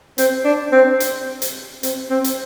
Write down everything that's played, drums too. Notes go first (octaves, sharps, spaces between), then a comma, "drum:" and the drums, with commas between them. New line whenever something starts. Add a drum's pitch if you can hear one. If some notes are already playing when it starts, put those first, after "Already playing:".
C4, drum: hi-hat
D4
C4
drum: hi-hat
drum: hi-hat
C4, drum: hi-hat
C4
drum: hi-hat